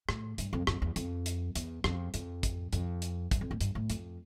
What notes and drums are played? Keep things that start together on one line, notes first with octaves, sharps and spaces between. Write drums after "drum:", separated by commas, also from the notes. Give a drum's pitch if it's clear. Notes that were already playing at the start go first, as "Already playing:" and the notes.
A2, drum: rim click
G2, drum: hi-hat
F2
F2, drum: rim click
E2
F2, drum: hi-hat
drum: hi-hat
E2, drum: hi-hat
F2, drum: rim click
F2, drum: hi-hat
drum: kick, hi-hat
F2, drum: hi-hat
drum: hi-hat
G2, drum: kick, hi-hat
F2
A2
G2, drum: hi-hat
A2
F2, drum: hi-hat